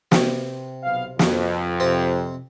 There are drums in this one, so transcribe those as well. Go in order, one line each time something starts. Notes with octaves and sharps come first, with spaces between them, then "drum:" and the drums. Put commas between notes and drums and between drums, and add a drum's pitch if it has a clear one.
C3, drum: snare
B1 B3 F5
F2, drum: snare
C3 C4